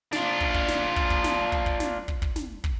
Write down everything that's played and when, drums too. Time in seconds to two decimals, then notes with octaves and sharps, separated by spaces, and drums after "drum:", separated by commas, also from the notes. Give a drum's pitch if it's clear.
0.12 D4 F4, drum: snare
0.40 drum: kick
0.54 drum: kick
0.68 drum: snare
0.96 drum: kick
1.10 drum: kick
1.24 drum: snare
1.52 drum: kick
1.66 drum: kick
1.80 drum: snare
2.08 drum: kick
2.22 drum: kick
2.36 drum: snare
2.64 drum: kick